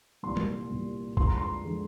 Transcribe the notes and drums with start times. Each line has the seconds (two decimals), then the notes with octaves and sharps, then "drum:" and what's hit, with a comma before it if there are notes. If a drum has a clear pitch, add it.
0.23 C2 A#2 G3 C6
0.37 drum: tom
0.70 C2 A#2 G3
1.17 F2 D3 F3 G#3 C6, drum: kick
1.27 A#5
1.38 C6
1.65 D3 F3 G#3